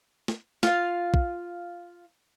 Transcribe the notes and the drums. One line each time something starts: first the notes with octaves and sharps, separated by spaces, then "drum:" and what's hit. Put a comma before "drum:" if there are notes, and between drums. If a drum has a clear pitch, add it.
drum: snare
F4 F5, drum: snare
drum: kick